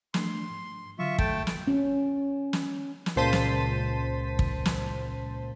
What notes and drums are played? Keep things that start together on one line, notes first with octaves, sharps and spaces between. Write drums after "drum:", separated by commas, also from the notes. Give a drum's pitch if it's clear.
F3 A3 D4 C6, drum: snare
G#2
D3 F#3 F4 E5 C#6
A3 G5 A5, drum: kick
drum: snare
C#4
drum: snare
drum: snare
C#2 A#2 C5 A5 B6 D#7
drum: snare
drum: kick
drum: snare